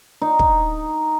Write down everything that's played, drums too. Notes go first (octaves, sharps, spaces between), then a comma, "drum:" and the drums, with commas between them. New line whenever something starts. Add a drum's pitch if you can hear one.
D#4
drum: kick